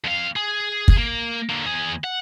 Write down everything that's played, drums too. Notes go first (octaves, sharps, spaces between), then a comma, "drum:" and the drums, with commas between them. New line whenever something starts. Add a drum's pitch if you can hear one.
F2 F5
G#4
drum: kick
A#3
D3 A#3
E2 G#4
F#5